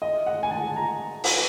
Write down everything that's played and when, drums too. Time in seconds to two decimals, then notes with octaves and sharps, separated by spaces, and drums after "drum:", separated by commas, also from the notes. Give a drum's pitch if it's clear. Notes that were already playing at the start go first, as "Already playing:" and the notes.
0.02 D#5
0.26 F#5
0.43 G#5
0.51 A5
0.76 A#5
1.24 drum: open hi-hat